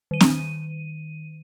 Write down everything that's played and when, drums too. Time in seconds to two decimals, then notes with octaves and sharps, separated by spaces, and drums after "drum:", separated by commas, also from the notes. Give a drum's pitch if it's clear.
0.11 D#3 D#7
0.21 drum: snare